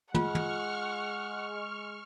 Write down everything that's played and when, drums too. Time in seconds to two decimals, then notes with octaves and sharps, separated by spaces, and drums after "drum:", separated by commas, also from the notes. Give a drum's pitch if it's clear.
0.14 G#3 F4 F#5 C#6 F6, drum: tom
0.35 drum: tom